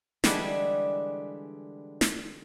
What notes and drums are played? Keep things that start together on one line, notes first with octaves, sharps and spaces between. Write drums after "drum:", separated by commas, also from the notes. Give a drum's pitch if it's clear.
D3 E3 G3 G#3 D4 E4, drum: snare
drum: snare